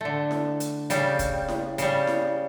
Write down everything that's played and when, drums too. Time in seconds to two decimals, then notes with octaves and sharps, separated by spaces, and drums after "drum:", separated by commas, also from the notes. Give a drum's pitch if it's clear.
0.01 D3 A3
0.31 drum: snare E4
0.60 drum: hi-hat
0.90 C#3 G3, drum: hi-hat
1.19 drum: kick, hi-hat
1.48 drum: snare E4
1.78 C#3 G3, drum: hi-hat
2.07 drum: snare E4